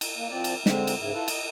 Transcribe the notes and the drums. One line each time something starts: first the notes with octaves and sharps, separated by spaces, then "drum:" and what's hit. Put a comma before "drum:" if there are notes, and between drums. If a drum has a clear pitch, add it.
drum: cymbal
A#3
F3 C4 D5
drum: cymbal
D3 G#3 C4, drum: snare
drum: cymbal
G#2 C#3 E4
E4 F4 A4 B4
D#5, drum: cymbal